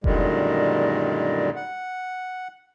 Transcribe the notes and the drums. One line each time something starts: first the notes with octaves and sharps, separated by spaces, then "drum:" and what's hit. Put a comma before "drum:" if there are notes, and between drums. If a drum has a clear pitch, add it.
F#2 A#2 D3 D#3 G3 G#3, drum: kick F1
F#5